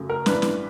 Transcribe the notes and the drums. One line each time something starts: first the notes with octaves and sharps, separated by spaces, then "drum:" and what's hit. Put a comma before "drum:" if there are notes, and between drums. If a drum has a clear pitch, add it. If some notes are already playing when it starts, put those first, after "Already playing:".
Already playing: F#2 C#3 F#3 A3
A#4
A1 G2 E3 B4, drum: snare
drum: snare